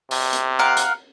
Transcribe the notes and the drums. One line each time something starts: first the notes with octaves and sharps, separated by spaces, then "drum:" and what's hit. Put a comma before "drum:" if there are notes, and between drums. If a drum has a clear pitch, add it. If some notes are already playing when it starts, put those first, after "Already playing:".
C3, drum: open hi-hat
drum: hi-hat
A#4 F5 F#5
drum: hi-hat